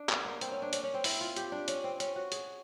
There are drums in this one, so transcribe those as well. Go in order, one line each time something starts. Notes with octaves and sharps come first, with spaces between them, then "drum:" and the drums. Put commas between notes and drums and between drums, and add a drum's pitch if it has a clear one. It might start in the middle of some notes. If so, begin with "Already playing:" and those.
Already playing: D4
B3, drum: clap
A#3
C4, drum: hi-hat
C#4
D4
C#4, drum: hi-hat
C#4
C4
E4, drum: open hi-hat
F4
G4, drum: hi-hat
D4
C#4, drum: hi-hat
C4
C#4, drum: hi-hat
F#4
G#4, drum: hi-hat